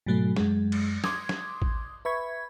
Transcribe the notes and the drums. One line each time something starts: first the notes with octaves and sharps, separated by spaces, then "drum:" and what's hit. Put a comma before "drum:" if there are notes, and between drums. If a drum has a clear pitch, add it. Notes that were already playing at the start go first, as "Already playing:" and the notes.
G#2 B2 F#3 A3
F#2 G#3, drum: snare
drum: cymbal
C6 D6 D#6 G#6, drum: snare
drum: snare
drum: kick
B4 E5 B5 C#6 G#6